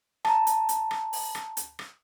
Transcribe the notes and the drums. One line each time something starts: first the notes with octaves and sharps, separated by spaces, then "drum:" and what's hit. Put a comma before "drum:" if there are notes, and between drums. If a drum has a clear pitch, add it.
A5 A#5, drum: rim click
drum: hi-hat
drum: hi-hat
drum: rim click
drum: open hi-hat
drum: rim click
drum: hi-hat
drum: rim click